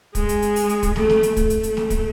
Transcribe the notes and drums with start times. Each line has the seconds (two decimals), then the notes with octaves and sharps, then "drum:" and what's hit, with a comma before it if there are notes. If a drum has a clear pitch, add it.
0.15 G#3, drum: kick, hi-hat
0.29 drum: hi-hat
0.42 drum: hi-hat
0.56 drum: open hi-hat
0.69 drum: hi-hat
0.83 drum: kick, hi-hat
0.96 A3, drum: snare
1.10 drum: snare
1.23 drum: hi-hat
1.37 A3, drum: kick, hi-hat
1.50 drum: hi-hat
1.63 drum: hi-hat
1.77 drum: snare
1.90 drum: kick, hi-hat